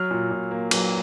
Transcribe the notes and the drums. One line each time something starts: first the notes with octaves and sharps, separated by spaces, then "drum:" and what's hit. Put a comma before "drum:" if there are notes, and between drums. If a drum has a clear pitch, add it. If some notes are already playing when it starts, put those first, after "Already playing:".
Already playing: F#3 F6
A#2
A#2
A#3
F#3, drum: cymbal